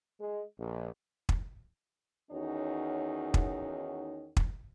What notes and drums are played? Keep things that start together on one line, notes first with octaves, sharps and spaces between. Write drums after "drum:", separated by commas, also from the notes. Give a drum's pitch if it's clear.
G#3
A#1
drum: kick
E2 D#3 C#4 D#4 F#4 C#5
drum: kick
drum: kick